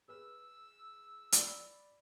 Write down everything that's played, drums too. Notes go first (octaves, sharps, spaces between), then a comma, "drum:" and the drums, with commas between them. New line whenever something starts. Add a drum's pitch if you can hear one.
G#4 B4 E6 F6
D5 B5, drum: hi-hat